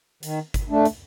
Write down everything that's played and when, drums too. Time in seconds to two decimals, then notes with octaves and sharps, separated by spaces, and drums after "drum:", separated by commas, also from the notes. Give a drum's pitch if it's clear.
0.23 D#3, drum: hi-hat
0.54 drum: kick G1, hi-hat
0.70 A3 D4
0.85 drum: hi-hat